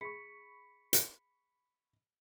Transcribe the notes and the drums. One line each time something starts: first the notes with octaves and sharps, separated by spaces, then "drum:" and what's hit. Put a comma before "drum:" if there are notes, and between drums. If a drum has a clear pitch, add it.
G#4 B5 C#6 B6 C#7
drum: hi-hat